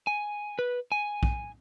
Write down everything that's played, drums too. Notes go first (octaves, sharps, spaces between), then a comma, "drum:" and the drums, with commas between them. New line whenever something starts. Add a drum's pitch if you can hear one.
G#5
B4
G#5
drum: kick